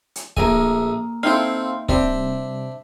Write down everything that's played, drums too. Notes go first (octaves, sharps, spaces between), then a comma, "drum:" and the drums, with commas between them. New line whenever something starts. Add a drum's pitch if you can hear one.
drum: hi-hat
A#1 A3 A#3 D#5 G#5, drum: kick C#1
C4 D#4 E4 A4 F5 G5 C6
C3 G3 D4 C5 E5, drum: kick C#1